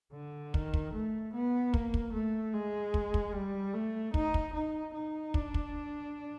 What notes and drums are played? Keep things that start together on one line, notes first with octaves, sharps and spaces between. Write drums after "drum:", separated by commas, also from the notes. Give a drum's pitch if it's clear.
D3
D#3, drum: kick
drum: kick
A3
B3
A#3, drum: kick
drum: kick
A3
G#3
drum: kick
drum: kick
G3
A3
D#4, drum: kick
drum: kick
D#4
D#4
D4, drum: kick
drum: kick